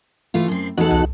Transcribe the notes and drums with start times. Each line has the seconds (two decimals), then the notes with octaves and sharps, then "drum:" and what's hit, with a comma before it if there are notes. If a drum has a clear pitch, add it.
0.34 E3 A3 F4
0.48 F#2 C4 C6
0.77 E2 D#4 F#4 A4 F#6, drum: hi-hat
0.90 drum: tom C2